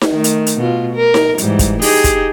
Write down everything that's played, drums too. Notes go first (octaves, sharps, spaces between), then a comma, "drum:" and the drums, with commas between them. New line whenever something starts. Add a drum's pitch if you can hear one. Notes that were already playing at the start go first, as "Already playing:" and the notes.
drum: snare D#4
D#3 A3
drum: hi-hat
drum: hi-hat
B2 F4
A#4
drum: snare D#4
G#2 E3 G3, drum: hi-hat
drum: kick, hi-hat
D#4 G4 G#4, drum: open hi-hat
drum: kick, hi-hat